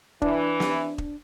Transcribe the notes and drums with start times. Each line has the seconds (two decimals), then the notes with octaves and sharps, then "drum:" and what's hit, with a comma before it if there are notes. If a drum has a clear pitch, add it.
0.22 E3 D4, drum: kick E1
0.60 drum: snare
0.98 drum: kick E1